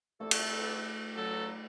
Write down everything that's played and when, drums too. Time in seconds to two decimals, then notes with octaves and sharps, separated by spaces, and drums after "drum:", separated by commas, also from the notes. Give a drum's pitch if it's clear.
0.20 C2 C3 A3 A4 D5
0.31 drum: cymbal
1.16 C#3 F#3 A4